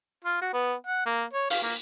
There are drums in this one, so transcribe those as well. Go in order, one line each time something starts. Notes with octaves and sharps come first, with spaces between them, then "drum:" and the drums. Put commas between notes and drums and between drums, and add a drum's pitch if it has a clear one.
F4
F#4
B3
F#5
A#3
C#5
F5, drum: open hi-hat
A#3